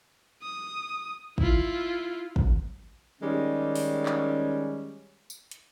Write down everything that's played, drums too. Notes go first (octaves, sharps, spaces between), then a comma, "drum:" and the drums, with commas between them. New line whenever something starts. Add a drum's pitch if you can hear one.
D#6
E4 F4, drum: kick
drum: kick
D#3 G3 G#3 C#4
drum: open hi-hat
drum: clap
drum: tambourine
drum: hi-hat